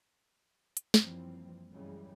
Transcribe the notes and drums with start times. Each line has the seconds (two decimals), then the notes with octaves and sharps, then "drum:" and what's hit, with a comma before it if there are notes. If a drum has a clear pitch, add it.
0.77 drum: hi-hat
0.94 F#2 E3 F3 G3 A#3 C4, drum: snare
1.72 F#2 C#3 E3 G3 G#3